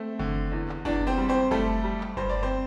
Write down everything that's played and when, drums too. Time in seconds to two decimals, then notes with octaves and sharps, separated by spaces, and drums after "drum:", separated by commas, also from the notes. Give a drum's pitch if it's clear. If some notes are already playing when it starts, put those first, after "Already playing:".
Already playing: A3 C4
0.19 D3, drum: kick F#1
0.52 E2
0.69 drum: clap
0.85 E2 D4 D5, drum: kick F#1
1.07 C4 C5
1.17 G3
1.29 C4 C5
1.51 G3 A3 A4, drum: kick F#1
1.84 G3
2.00 drum: clap
2.17 G2 C5, drum: kick F#1
2.30 D5
2.43 C4 C5